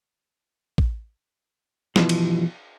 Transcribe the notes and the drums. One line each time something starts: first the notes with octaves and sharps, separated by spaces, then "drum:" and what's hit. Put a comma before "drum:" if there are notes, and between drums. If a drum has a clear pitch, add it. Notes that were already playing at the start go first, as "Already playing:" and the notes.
drum: kick
G2 B2 E3 F3 G3, drum: snare
drum: cymbal